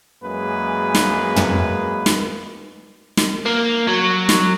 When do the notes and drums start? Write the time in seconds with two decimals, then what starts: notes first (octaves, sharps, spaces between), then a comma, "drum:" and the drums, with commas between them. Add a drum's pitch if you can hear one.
0.23 F#2 G#3 A#3 G#4 B4
0.95 drum: snare
1.36 drum: tom
2.06 drum: snare
3.17 drum: snare
3.46 A#3
3.87 F#3
4.29 drum: snare